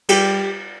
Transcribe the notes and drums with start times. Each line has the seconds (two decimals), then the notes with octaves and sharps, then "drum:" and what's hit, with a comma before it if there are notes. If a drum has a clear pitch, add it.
0.09 G3 G4, drum: cymbal